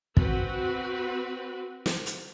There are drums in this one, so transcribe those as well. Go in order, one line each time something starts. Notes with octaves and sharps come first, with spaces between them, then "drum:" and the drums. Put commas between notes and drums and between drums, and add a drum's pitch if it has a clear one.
C4 F#4 B4, drum: kick
drum: snare
drum: hi-hat